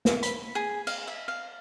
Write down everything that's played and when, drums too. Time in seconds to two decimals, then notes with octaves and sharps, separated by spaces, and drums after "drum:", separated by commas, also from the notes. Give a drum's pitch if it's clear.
0.05 drum: snare
0.23 B5, drum: hi-hat
0.55 G#4
0.87 F5, drum: cymbal
1.07 E5
1.28 F5